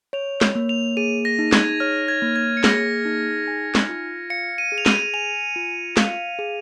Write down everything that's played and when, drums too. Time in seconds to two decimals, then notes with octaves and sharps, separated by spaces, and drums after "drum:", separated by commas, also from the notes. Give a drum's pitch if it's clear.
0.13 C#5 F7
0.41 drum: snare
0.55 A#3
0.69 F7
0.97 G#4 D#7
1.25 A#6
1.39 D#4
1.52 G#6, drum: snare
1.80 C#5 F6
2.08 G#6
2.22 A#3
2.36 G#6
2.57 C#7
2.64 G#4 A#6, drum: snare
3.05 D#4
3.47 G#5
3.75 drum: snare
3.89 F4
4.30 F5 C#7
4.58 D#7
4.72 G#4
4.78 F7
4.86 D#7, drum: snare
5.14 G#5 F7
5.56 F4
5.97 F5, drum: snare
6.39 G#4